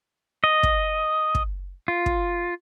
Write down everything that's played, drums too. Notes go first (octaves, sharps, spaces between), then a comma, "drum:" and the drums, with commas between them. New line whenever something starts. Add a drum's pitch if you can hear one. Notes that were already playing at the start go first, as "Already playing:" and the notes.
D#5
drum: kick
drum: kick
F4
drum: kick